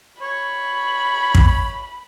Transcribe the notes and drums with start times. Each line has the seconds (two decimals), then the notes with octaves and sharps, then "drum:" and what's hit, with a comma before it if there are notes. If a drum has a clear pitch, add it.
0.22 C#5 B5
1.35 drum: kick